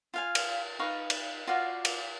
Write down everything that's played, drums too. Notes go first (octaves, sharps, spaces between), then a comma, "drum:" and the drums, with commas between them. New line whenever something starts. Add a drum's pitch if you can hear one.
F4 F5 G#5
drum: cymbal
D#4 B4 F5 C#6
drum: cymbal
F4 F#4 D5 F5
drum: cymbal